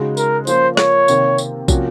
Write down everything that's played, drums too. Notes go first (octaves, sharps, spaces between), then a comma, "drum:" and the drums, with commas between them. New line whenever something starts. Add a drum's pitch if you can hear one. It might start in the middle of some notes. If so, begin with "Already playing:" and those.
Already playing: C#3 G#3 D#4 F#4
A#4, drum: tambourine
F3 A#3 C#4 F4 C5, drum: tambourine
C#5, drum: rim click
C3 D#3 A#3, drum: tambourine
drum: tambourine
C3 F3 A#3 C#4 F#4, drum: kick, tambourine